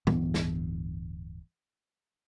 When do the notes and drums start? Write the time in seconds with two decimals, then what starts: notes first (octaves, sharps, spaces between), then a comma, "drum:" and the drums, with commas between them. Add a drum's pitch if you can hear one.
0.07 D1 G2 E3 B3, drum: tom
0.34 drum: snare